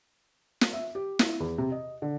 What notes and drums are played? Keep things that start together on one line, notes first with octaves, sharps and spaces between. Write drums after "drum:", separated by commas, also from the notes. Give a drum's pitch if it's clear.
drum: snare
E5
G4
E4, drum: snare
E2
C3
D#5
D3